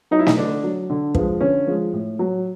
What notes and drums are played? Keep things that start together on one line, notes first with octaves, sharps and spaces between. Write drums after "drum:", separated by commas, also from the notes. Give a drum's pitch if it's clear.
F#3 D#4
E4
D#4, drum: snare
D3 D4
F#3
D3
F3 G#3, drum: kick
D3 C#4
F3 G#3
A2
F#3